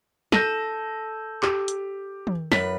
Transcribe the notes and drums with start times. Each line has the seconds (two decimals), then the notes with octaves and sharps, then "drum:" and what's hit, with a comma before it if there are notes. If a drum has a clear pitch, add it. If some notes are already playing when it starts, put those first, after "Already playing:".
0.32 A4 G6 A#6 D#7, drum: snare
1.43 G4, drum: clap
1.68 drum: hi-hat
2.27 drum: tom
2.52 F#2 B4 B6, drum: snare